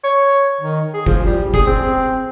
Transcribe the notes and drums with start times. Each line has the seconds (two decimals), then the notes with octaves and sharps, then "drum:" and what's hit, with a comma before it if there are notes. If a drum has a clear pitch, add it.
0.04 C#5
0.61 D#3
0.94 G#4
1.06 F3, drum: kick F1
1.25 G3
1.54 G#4, drum: kick F1
1.66 C4